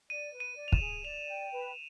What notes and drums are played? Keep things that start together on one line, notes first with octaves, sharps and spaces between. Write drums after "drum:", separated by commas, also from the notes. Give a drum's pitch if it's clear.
D5 D#7
B4
D#7
D5
F7
E7, drum: kick
G#4
D5 F7
G5
B4